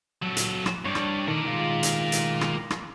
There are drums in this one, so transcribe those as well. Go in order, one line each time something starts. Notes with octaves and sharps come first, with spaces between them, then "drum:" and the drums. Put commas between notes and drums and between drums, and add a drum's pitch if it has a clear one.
F#3 A4
drum: hi-hat
drum: rim click
G2 C#5 D5
drum: rim click
D#3 A4 A#4 D5
D#3 G#3 F4
drum: hi-hat
drum: hi-hat
drum: rim click
drum: rim click